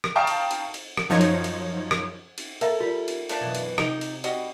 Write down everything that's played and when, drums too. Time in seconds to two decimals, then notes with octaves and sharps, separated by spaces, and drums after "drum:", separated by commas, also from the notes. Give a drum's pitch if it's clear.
0.04 drum: rim click
0.15 F5 G5 A5 A#5 C#6 D#6
0.27 drum: cymbal
0.51 drum: cymbal
0.74 drum: cymbal
0.97 drum: rim click
1.10 F#2 F3 D#4 C#5
1.21 drum: cymbal
1.44 drum: cymbal
1.91 drum: rim click
2.38 drum: cymbal
2.61 A4 A#4 E5 A#5, drum: cymbal
2.80 G3 F4
3.08 drum: cymbal
3.29 A3 A#3 D4, drum: cymbal
3.41 F#2 B2 E3
3.55 drum: cymbal
3.78 C3 D#4, drum: rim click
4.01 drum: cymbal
4.24 G3 F#4 D#5, drum: cymbal